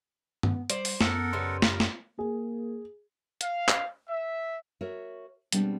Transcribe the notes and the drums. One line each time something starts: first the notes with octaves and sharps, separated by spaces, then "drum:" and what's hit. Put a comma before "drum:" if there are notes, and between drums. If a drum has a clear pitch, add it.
B3, drum: tom G2
G3 C5 D5, drum: hi-hat
drum: open hi-hat
F#2 B3 A4 A#4 F#5, drum: snare
C#3 G3 B3 C6
A#4, drum: snare
drum: snare
A#3 G#4
F5, drum: hi-hat
drum: clap
E5
F#4 A#4 C#5 E5
B2 G3 G#3 B3 C4 D4, drum: hi-hat